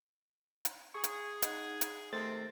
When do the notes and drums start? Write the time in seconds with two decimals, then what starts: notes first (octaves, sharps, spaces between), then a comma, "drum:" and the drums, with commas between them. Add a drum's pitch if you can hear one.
0.65 drum: hi-hat
0.94 G#4 C#6
1.04 drum: hi-hat
1.42 D#4 F#5, drum: hi-hat
1.81 drum: hi-hat
2.13 C3 D#3 A3 C4 C5 A6